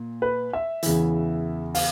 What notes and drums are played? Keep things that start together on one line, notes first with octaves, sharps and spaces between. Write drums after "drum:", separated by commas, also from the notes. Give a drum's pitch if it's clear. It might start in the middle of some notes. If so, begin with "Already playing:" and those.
Already playing: A#2
B4
E5
E2 C#3 E3, drum: hi-hat
F5, drum: open hi-hat